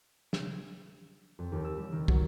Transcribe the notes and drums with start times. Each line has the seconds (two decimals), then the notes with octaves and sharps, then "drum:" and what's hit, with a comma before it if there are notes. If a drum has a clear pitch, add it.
0.33 drum: snare
1.39 F2
1.52 D#2
1.65 E6
1.77 G3
1.92 D#3
2.08 F#3, drum: kick